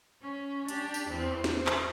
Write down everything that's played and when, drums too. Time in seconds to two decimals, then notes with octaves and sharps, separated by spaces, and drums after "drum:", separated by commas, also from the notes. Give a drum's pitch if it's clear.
0.22 C#4
0.68 D4 G4, drum: hi-hat
0.94 drum: tambourine
1.10 E2 C4
1.44 C5, drum: snare
1.67 drum: clap